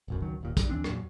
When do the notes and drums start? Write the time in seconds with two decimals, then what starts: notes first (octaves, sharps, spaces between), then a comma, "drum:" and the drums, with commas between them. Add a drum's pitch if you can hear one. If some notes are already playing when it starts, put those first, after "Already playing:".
0.08 D1 B1 F#2
0.22 G#1 C#2 D#3 F#3
0.41 E1 D#2 A#2
0.57 G2, drum: kick, hi-hat
0.69 D#2 E3 C4 D4
0.84 E2 A#2 F#3, drum: rim click